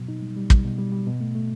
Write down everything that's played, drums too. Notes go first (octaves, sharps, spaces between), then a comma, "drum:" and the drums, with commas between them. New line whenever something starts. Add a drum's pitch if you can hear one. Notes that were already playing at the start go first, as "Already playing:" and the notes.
Already playing: B2 F#3
D#4
G3
G3
G3, drum: kick
B2
G3
G3
B2
A3
A3